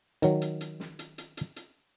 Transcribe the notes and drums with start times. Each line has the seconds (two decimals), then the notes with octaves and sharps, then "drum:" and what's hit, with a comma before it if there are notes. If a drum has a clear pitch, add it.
0.22 D#3 F#3, drum: hi-hat
0.42 drum: hi-hat
0.61 drum: hi-hat
0.80 drum: snare
0.99 drum: hi-hat
1.18 drum: hi-hat
1.37 drum: hi-hat
1.56 drum: hi-hat